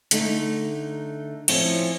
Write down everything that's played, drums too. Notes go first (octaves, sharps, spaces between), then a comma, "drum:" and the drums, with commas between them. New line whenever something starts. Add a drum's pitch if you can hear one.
D3 A3 D#4, drum: hi-hat
A2 F3 C4 C#4 E4 C#5, drum: cymbal